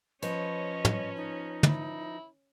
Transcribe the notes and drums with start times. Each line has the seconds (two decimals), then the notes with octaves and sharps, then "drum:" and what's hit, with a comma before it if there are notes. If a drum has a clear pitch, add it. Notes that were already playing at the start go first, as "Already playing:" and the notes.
0.22 F3 C#4 B4 C#5 D#5, drum: hi-hat
0.85 drum: tom
1.16 D#4
1.63 E4, drum: tom